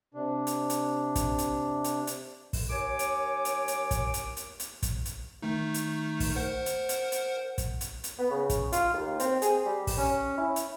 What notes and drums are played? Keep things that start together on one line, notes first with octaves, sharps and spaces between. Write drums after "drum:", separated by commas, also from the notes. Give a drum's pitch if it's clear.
C3 D4
drum: hi-hat
drum: hi-hat
drum: kick, hi-hat
drum: hi-hat
drum: hi-hat
drum: hi-hat
drum: kick, open hi-hat
D#2 C#5 G#5 D6
drum: hi-hat
drum: hi-hat
drum: hi-hat
drum: kick, hi-hat
drum: hi-hat
drum: hi-hat
drum: hi-hat
drum: kick, hi-hat
drum: hi-hat
D#3 A3 D#4
drum: hi-hat
drum: kick, open hi-hat
A#4 C5 F#5
drum: hi-hat
drum: hi-hat
drum: hi-hat
drum: kick, hi-hat
drum: hi-hat
drum: hi-hat
B3
C#3
drum: kick, hi-hat
F4, drum: hi-hat
D#2
C4, drum: hi-hat
G#4, drum: hi-hat
G3
drum: kick, open hi-hat
C#4
E4
drum: hi-hat